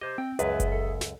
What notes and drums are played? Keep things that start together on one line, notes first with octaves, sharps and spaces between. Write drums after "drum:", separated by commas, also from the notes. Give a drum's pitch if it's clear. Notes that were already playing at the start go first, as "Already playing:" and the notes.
G4 C5 D#5
C4 G5
C#2 F#2 G#4 B4 E5, drum: hi-hat
drum: kick F#1, hi-hat
A4
drum: snare